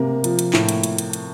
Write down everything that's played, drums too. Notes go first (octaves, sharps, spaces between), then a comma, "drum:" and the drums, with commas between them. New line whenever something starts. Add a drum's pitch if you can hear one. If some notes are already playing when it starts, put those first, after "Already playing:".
Already playing: C3 A#3
F3, drum: hi-hat
drum: hi-hat
A2, drum: clap
drum: hi-hat
drum: hi-hat
drum: hi-hat
drum: hi-hat